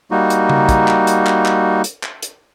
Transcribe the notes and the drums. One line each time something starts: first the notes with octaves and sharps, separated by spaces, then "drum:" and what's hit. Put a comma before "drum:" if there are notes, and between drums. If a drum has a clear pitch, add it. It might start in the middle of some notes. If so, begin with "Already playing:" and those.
G3 A#3 D#4 F#4
drum: hi-hat
drum: tom C#3
drum: kick, hi-hat
drum: clap
drum: hi-hat
drum: clap
drum: clap
drum: hi-hat
drum: clap
drum: hi-hat